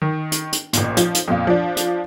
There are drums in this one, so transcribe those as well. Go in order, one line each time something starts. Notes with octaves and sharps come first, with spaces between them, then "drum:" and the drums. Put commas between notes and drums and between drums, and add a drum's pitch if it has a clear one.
D#3
drum: hi-hat
drum: hi-hat
A1 A#2, drum: hi-hat
F3, drum: hi-hat
drum: hi-hat
F2 A#2 F4
F3 D4
drum: hi-hat